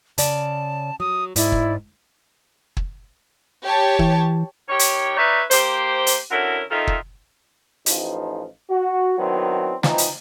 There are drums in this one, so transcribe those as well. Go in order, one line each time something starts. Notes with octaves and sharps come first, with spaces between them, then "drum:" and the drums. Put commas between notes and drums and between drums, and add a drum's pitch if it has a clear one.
C#3 D5 A5, drum: hi-hat
F#3 D#6
G#2 E4 D5, drum: hi-hat
drum: kick
drum: kick
G4 C#5 A5
E3, drum: kick
D#3 G4 C#5
drum: hi-hat
D#4 B4 C#5 D5 E5
A#3 G4 C5, drum: hi-hat
drum: hi-hat
D3 C#4 E4 F#4 A#4
D#3 D#4 F4 A4 E5
drum: kick
A1 F3 D#4, drum: hi-hat
F#4
D#3 F#3 B3 C4 D4 E4
E3 F3 C4 D#4, drum: snare
drum: hi-hat